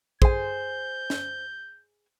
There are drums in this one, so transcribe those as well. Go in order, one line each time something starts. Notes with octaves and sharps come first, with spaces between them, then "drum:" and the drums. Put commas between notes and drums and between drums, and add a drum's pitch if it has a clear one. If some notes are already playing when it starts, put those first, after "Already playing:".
G#4 C5 G#5 G6, drum: kick
drum: snare